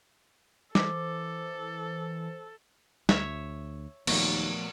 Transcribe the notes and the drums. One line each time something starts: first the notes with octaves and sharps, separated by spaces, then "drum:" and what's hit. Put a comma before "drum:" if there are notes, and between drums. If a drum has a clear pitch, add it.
E3 A4 C5 D6, drum: snare G3
D2 C#5 E5, drum: snare G3
D#2 A#2 F3 F#3 A3 B3, drum: cymbal